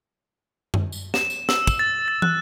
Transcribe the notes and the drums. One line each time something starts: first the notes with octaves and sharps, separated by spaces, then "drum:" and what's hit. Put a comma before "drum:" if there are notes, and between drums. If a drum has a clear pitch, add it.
drum: tom F#2
drum: tambourine
E7, drum: snare
drum: tambourine
E6, drum: snare
drum: kick, tambourine
A6
A6
F#6, drum: tom